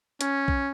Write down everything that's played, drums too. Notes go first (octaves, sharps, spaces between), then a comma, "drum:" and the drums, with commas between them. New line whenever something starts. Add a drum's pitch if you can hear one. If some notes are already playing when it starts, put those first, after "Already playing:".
C#4, drum: hi-hat
drum: kick B1